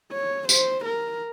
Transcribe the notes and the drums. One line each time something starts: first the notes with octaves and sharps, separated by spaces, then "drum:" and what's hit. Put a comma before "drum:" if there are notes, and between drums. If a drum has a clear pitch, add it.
C#5
C5, drum: tambourine
A#4